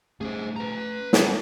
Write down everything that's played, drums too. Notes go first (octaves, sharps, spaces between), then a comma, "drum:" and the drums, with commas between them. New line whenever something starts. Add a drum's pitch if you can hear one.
A3 C#4 G#4 C5
B4 A#5
drum: snare